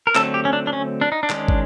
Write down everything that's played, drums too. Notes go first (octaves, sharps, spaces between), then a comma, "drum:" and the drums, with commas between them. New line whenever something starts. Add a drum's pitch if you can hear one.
A#4
D3 F#3 A3 C4 A4, drum: clap
G4
C#4
D4
D4
C#4
D4
D#4
D4
D#3 G#3 C#4, drum: clap
drum: kick